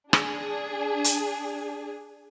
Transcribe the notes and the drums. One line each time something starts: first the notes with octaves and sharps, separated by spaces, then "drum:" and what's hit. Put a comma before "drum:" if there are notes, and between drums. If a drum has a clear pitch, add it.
D4 G#4, drum: rim click
drum: hi-hat